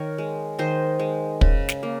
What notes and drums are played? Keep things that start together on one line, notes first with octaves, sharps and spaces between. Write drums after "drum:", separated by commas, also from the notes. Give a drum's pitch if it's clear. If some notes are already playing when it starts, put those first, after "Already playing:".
Already playing: D#3 A#4 C#5
G#3
D#3 C5 D#5
G#3
C#3, drum: kick
drum: snare
A#3